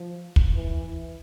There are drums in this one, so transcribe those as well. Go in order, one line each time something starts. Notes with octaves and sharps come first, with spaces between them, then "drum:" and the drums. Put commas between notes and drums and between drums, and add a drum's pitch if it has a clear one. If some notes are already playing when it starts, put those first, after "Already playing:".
Already playing: F3
drum: kick
E3